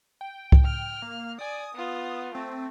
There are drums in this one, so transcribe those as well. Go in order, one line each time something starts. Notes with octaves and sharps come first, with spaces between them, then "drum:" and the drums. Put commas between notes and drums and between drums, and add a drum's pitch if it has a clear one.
G5
drum: kick C2
F6
A#3
D5 G#5 D#6
B3 F4
A3 C4